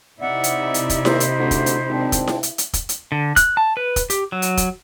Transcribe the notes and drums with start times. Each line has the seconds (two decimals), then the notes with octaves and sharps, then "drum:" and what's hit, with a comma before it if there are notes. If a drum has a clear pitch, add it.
0.20 C3 D#4 E4 D5 E5 F#5
0.44 drum: hi-hat
0.74 drum: hi-hat
0.90 drum: kick, hi-hat
1.05 D#2 C5, drum: snare E4
1.20 drum: hi-hat
1.39 D2
1.51 drum: kick, hi-hat
1.66 drum: hi-hat
1.89 G#1 C4 D4
2.12 drum: kick, hi-hat
2.28 drum: snare E4
2.43 drum: hi-hat
2.58 drum: hi-hat
2.73 drum: kick, hi-hat
2.89 drum: hi-hat
3.12 D3
3.36 F#6, drum: kick, hi-hat
3.57 A5
3.77 B4
3.96 drum: kick, hi-hat
4.10 G4, drum: hi-hat
4.32 F#3
4.42 drum: hi-hat
4.57 drum: kick, hi-hat